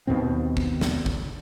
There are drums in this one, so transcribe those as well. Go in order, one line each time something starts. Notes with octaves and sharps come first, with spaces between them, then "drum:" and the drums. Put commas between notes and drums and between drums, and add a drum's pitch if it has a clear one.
D#2 B2 D#3 C4
drum: kick
drum: snare
drum: kick